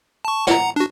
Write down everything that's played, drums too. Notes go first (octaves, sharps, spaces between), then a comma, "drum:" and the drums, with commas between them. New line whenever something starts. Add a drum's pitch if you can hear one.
A5 C#6
F#5 A#5, drum: snare
D4 F#4